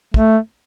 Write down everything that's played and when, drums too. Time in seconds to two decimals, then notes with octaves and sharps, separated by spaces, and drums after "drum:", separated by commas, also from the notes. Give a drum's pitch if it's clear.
0.14 A3, drum: kick